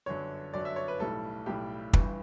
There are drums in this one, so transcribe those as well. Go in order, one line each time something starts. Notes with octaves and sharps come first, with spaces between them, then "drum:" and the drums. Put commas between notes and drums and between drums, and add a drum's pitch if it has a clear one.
G1 F#2 D3 F#3 C#5
G1 F#2 D3 F#3 D5
E5
C#5
B4
B1 A2 G3 A4
B1 A2 G3 G4
G1 G2 E3, drum: kick